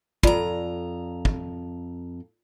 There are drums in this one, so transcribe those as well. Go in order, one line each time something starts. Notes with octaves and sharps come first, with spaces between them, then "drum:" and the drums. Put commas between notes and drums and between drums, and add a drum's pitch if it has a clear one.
F2 F4 D5 A#5, drum: kick
drum: kick